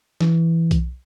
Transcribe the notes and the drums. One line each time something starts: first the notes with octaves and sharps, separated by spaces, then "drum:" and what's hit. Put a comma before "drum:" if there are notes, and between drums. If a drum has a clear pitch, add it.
E3, drum: snare
drum: kick B1, hi-hat